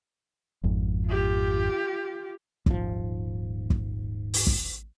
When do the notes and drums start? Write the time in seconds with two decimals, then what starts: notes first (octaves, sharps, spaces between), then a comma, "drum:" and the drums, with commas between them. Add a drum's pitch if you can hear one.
0.64 G#1 F2
1.07 F4 G4
2.66 D#1 G#2 F3, drum: kick
3.70 drum: kick
4.34 drum: open hi-hat
4.47 drum: kick